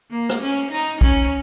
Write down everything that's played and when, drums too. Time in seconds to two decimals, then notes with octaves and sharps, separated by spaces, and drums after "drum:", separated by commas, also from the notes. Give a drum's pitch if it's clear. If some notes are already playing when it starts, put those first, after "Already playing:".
0.11 A#3
0.30 drum: rim click
0.41 C#4
0.71 D#4
1.01 C#4, drum: kick